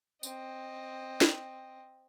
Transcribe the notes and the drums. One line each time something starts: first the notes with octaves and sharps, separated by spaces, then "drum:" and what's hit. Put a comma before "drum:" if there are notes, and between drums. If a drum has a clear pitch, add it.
C4 D#5, drum: tambourine
drum: snare